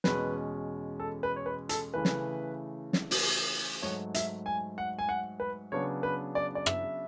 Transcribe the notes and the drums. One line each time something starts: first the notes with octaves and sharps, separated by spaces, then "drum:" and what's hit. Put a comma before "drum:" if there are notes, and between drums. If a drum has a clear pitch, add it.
E2 B2 G#3 C#4 B4, drum: snare
A4
B4
C#5
B4
A4, drum: hi-hat
C#3 E3 A3 B4
drum: snare
drum: snare
drum: open hi-hat
G#2 F#3 A3 C#5
E5, drum: hi-hat
G#5
F#5
G#5
F#5
B4
C#3 F#3 B3 D4 C#5
B4
D5
D5
E5, drum: rim click